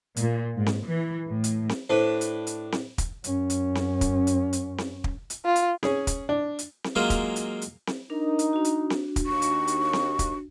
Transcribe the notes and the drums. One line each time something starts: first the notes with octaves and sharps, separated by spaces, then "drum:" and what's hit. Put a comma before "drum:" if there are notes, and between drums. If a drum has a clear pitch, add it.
A#2, drum: hi-hat
G#2
drum: snare C4
E3
A2
drum: hi-hat
drum: snare C4
A2 D4 B4 C5
drum: hi-hat
drum: hi-hat
drum: snare C4
drum: kick, hi-hat
F#2 C#4, drum: hi-hat
drum: hi-hat
drum: snare C4
drum: kick, hi-hat
drum: hi-hat
drum: hi-hat
drum: snare C4
drum: kick
drum: hi-hat
F4
drum: hi-hat
C#4 G#4, drum: snare C4
drum: kick, hi-hat
D4
drum: hi-hat
drum: snare C4
F#3 G#3 A#3 C#4 F4 A#4
drum: kick, hi-hat
drum: hi-hat
drum: hi-hat
drum: snare C4
D4 D#4 A#4
drum: hi-hat
D4 F#4
drum: hi-hat
drum: snare C4
drum: kick, hi-hat
D#2 C#6
drum: hi-hat
drum: hi-hat
drum: snare C4
drum: kick, hi-hat